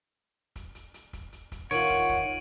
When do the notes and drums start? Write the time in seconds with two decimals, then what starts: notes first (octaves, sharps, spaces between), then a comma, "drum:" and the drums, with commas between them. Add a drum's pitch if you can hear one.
0.56 drum: kick, hi-hat
0.75 drum: hi-hat
0.94 drum: hi-hat
1.13 drum: kick, hi-hat
1.33 drum: hi-hat
1.52 drum: kick, hi-hat
1.71 D#3 F4 C#5 F#5 D7 D#7 F#7, drum: hi-hat
1.90 drum: kick, hi-hat
2.09 drum: kick